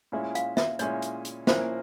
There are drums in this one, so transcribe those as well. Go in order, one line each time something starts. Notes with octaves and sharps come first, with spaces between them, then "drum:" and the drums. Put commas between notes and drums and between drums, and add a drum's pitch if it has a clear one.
A#2 G#3 C#4 E4
F5, drum: hi-hat
E5, drum: snare
A#2 G#3 C#4 E4 C#5, drum: hi-hat
drum: hi-hat
drum: hi-hat
A#2 F3 A#3 C#4 E4 C5, drum: snare